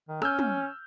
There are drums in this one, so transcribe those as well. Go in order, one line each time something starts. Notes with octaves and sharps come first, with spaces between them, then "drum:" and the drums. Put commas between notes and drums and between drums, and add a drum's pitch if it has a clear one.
D#3
C#4 E6 F6 G6, drum: rim click
drum: tom